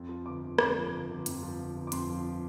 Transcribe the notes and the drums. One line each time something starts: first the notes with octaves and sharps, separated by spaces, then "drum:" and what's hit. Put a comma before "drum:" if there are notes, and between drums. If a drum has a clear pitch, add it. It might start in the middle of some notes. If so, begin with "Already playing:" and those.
Already playing: F2
F3
G1 D6
G1
F2 D6, drum: rim click
F3
G1
G1
F2, drum: hi-hat
F3
G1
G1
D6
F2 C6, drum: hi-hat
F3